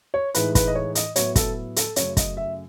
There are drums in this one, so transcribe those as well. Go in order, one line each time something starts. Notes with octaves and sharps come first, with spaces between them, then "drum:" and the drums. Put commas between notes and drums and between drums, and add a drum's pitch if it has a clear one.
C#5
A2 E3 G#3 D#4 B4, drum: hi-hat
B4, drum: kick, hi-hat
D#5
C#5
D#5, drum: hi-hat
A2 F#3 B3 E4 C#5, drum: hi-hat
A4, drum: kick, hi-hat
A4, drum: hi-hat
F#2 C#3 F#3 A3 C#5, drum: hi-hat
D#5, drum: kick, hi-hat
E5